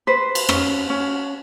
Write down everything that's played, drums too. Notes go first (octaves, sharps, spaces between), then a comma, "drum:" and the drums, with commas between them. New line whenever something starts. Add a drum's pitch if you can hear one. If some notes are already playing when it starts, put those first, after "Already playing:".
B4 C5
drum: cymbal
C#4, drum: rim click
C#4